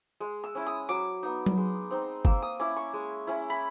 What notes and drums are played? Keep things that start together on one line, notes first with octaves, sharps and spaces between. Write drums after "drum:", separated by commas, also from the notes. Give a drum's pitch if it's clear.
G#3
E6
C#4 E4
D#6
F#3 D6
B3 D#4
drum: tom F#3
G#3
C4 D#4
A#3 E6, drum: kick
D#6
C#4 E4 D6
C#6
G#3
C#4 E4
B5